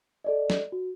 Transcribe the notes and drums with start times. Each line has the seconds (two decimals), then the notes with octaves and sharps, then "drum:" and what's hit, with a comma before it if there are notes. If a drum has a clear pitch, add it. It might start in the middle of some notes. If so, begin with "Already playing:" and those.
0.24 A4 D5 D#5
0.50 drum: snare
0.72 F#4